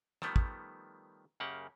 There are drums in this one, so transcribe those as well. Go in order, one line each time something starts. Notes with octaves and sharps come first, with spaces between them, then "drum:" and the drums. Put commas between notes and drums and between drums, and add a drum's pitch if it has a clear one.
D#3 F3 G3 A3 B3, drum: rim click
drum: kick
F#2 C#3 A#3 G4 F#5